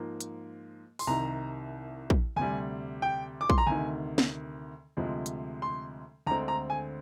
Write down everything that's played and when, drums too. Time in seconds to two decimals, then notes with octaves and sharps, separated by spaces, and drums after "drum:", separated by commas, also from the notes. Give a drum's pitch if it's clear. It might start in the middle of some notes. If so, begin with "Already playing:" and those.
Already playing: G#2 F3 A#3
0.21 drum: hi-hat
0.99 C6, drum: open hi-hat
1.07 C2 C3 D#3 A#5
2.10 drum: kick
2.36 D2 C3 G3 G#5
3.02 G5
3.41 D6
3.50 C6, drum: kick
3.58 A#5
3.67 D2 C3 D#3 G#5
4.18 drum: snare
4.97 D2 C3 F3 G#3
5.26 drum: hi-hat
5.62 C6
6.27 D2 D3 G#3 C4 A#5
6.48 A#5
6.70 G#5